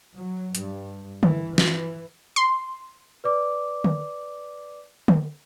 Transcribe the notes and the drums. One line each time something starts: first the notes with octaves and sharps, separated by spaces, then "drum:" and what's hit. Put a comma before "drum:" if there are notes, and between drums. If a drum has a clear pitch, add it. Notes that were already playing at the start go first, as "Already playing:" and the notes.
F#3
G2, drum: hi-hat
E3, drum: tom D3
E3, drum: snare
C6
B4 D5 D6
drum: tom D3
drum: tom D3